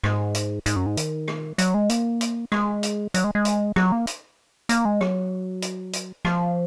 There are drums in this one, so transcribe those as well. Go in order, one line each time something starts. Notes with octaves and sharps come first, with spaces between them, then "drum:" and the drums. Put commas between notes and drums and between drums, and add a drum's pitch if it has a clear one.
G#2, drum: rim click
drum: hi-hat
G#2, drum: hi-hat
F#2
G#2
D#3, drum: hi-hat
drum: rim click
F#3, drum: hi-hat
G#3
A#3, drum: hi-hat
drum: hi-hat
G#3, drum: rim click
drum: hi-hat
F#3, drum: hi-hat
G#3
G#3
drum: hi-hat
F#3, drum: rim click
A#3
drum: hi-hat
A#3, drum: hi-hat
G#3
F#3, drum: rim click
drum: hi-hat
drum: hi-hat
F3, drum: rim click